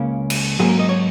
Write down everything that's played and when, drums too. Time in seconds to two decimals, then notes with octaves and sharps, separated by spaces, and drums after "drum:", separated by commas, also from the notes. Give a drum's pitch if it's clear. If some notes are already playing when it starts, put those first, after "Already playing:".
Already playing: C#2 C#3 A#3 C#4
0.30 drum: cymbal
0.59 G#2 F#3 A#3 C#4 G#4
0.69 A#4
0.79 D#5
0.89 C#5